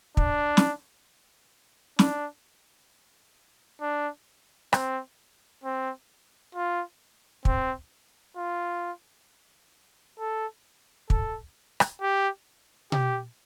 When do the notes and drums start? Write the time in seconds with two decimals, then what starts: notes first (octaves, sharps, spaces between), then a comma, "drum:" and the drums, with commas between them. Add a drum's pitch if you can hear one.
0.17 D4, drum: kick
0.57 drum: snare
1.99 D4, drum: snare
3.81 D4
4.73 C4, drum: rim click
5.63 C4
6.55 F4
7.45 C4, drum: kick
8.37 F4
10.19 A4
11.10 A4, drum: kick
11.80 drum: rim click
12.01 G4
12.92 G4, drum: tom B2